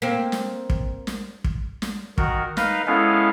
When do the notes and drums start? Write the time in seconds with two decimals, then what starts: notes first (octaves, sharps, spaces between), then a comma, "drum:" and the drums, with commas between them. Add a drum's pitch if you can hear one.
0.02 A#3 C4
0.32 drum: snare
0.70 drum: kick
1.07 drum: snare
1.44 drum: kick
1.82 drum: snare
2.18 D#3 F#4 A#4, drum: kick
2.57 D#4 A#4 B4 D#5 F5, drum: snare
2.87 G#3 B3 C#4 E4 A4 F5